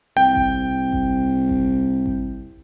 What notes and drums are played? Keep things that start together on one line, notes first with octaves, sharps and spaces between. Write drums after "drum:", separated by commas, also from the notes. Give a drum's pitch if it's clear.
C2 G5
drum: kick G#1
drum: kick G#1
drum: kick G#1
drum: kick G#1